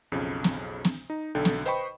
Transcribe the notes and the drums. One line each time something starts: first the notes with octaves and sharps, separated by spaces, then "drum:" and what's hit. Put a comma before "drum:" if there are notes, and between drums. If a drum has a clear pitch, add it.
B1 F2 C#3
drum: snare
drum: snare
D#4
B1 D3 A4 G5
drum: snare
B4 C5 D#5 G5 B5 C#6, drum: hi-hat